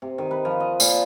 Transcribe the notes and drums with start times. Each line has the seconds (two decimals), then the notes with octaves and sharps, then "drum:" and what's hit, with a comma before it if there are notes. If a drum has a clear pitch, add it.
0.02 C3
0.18 D#3
0.31 B4
0.45 F3
0.60 D#5
0.80 A#2, drum: tambourine